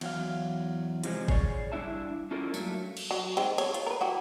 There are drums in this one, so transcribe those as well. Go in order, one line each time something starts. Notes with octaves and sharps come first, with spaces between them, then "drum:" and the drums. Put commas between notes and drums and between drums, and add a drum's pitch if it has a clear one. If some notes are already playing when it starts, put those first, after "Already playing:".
E2 F#3 F5, drum: cymbal
C3 F3 G#3, drum: hi-hat
G#4 C#5 D5, drum: kick G1
G2 C3 D4 E4 E5 A5
C#4 D4 E4 F4 A4 A#4
G2 F#3 A3 A#3, drum: tambourine
drum: cymbal
F#3
D#3 G#3 C4, drum: cymbal
C#5, drum: cymbal
F4, drum: hi-hat
A#4 B4
E4 F#4 G4